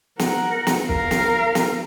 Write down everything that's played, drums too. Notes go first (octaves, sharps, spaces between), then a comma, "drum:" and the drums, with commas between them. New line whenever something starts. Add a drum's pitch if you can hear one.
A#4 F#5, drum: snare
drum: snare
A#4 F5, drum: kick
drum: snare
drum: snare